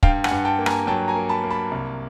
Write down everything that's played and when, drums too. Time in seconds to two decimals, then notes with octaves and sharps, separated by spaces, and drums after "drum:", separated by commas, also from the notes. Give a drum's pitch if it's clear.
0.03 G2 F5 G5, drum: kick
0.24 F#5 G#5, drum: rim click
0.31 G2
0.45 G5 A5
0.59 A#3
0.66 G#5 A#5, drum: rim click
0.87 F#3 G5 A5
1.08 G#5 A#5
1.15 A#3
1.29 A5 B5
1.44 A#3
1.50 A5 B5
1.71 C2